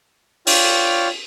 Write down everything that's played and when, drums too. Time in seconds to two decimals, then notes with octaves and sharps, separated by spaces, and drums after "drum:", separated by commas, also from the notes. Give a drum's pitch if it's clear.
0.47 F4 C#5 D5 G5 F6, drum: open hi-hat